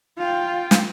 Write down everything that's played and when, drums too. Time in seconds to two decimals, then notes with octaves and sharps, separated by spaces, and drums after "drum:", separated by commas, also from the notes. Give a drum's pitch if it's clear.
0.18 F4 G5
0.71 drum: snare